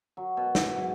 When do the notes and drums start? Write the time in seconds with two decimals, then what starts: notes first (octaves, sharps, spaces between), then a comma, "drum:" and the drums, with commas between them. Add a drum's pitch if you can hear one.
0.17 F#3
0.37 B2
0.55 E5, drum: snare
0.75 G#2